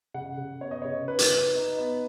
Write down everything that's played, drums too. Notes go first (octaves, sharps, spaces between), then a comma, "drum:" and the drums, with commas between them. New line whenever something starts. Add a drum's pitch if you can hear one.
C#3 F#5
C#3
B3 C#5
D#5
C#3 C#5
D#4 B4
drum: hi-hat
D#4
D#4
B3